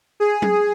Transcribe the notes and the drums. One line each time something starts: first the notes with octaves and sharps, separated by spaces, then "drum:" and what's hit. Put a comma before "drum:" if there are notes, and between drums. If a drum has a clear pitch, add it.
G#4
drum: tom F#3